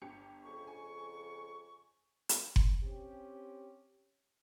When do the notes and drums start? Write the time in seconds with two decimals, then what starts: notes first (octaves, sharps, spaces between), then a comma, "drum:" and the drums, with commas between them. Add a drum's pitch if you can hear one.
0.02 G1 G4 C#7
0.44 F2 C#3 C#6
0.67 G#5
2.29 drum: hi-hat
2.56 drum: kick F#1
2.83 C4 C#4 G4